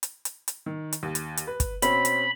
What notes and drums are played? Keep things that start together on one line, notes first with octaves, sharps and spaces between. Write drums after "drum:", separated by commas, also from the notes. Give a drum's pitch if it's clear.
drum: hi-hat
drum: hi-hat
drum: hi-hat
D#3
drum: hi-hat
D#2
drum: hi-hat
drum: hi-hat
B4
drum: kick, hi-hat
B2 C4 C#4 B5, drum: hi-hat
drum: hi-hat